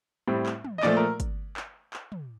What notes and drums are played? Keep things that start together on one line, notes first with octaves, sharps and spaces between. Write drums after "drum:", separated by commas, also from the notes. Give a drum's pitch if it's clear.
A2 G3 C4
drum: clap
drum: tom
D#5
A#2 F3 A3 D5, drum: clap
A#4
drum: kick, hi-hat
drum: clap
drum: clap
drum: tom